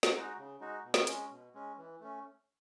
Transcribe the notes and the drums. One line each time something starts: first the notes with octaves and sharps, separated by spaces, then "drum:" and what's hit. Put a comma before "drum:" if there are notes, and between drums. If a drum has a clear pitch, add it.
drum: snare
G#3 D#4 F#4
C#3
G#3 D#4 F#4
B2
drum: snare
G#3 C#4, drum: hi-hat
B2
G#3 C#4
E3
A3 C#4